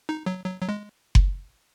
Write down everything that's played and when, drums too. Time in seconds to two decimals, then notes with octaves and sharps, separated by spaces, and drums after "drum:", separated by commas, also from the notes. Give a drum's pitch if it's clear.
0.09 D#4
0.26 F#3
0.44 F#3
0.61 F#3
0.69 G#3
1.15 drum: kick F#1